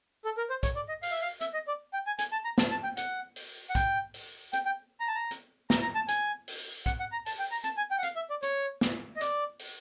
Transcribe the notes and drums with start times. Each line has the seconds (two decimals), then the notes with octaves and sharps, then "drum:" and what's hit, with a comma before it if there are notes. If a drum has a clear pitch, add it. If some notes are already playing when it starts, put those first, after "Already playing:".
0.25 A4
0.37 A#4
0.50 C5
0.63 C#5, drum: kick, hi-hat
0.76 D5
0.89 D#5
1.03 F5, drum: open hi-hat
1.11 E5
1.22 F5
1.41 E5, drum: hi-hat
1.54 D#5
1.68 D5
1.93 G5
2.07 G#5
2.18 G#5, drum: hi-hat
2.32 A5
2.45 A#5
2.58 A5, drum: snare
2.71 A5
2.83 G5
2.97 F#5, drum: hi-hat
3.36 drum: open hi-hat
3.70 F#5
3.75 G5, drum: kick, hi-hat
4.14 drum: open hi-hat
4.53 G5, drum: hi-hat
4.66 G5
5.00 A#5
5.08 A5
5.15 A#5
5.31 drum: hi-hat
5.70 A#5, drum: snare
5.82 A#5
5.95 A5
6.08 G#5, drum: hi-hat
6.48 drum: open hi-hat
6.86 F#5, drum: kick, hi-hat
7.00 F#5
7.12 A#5
7.26 A5, drum: open hi-hat
7.39 G5
7.51 A#5
7.64 A5, drum: hi-hat
7.77 G#5
7.91 G5
7.98 F#5
8.03 F5, drum: hi-hat
8.16 E5
8.30 D5
8.42 C#5, drum: hi-hat
8.81 drum: snare
9.16 D#5
9.21 D5, drum: hi-hat
9.59 drum: open hi-hat